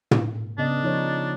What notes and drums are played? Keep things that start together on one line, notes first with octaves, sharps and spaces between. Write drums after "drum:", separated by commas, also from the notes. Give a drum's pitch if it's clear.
drum: tom
C#3 B3 D4 D#5
F3 D#4 C#5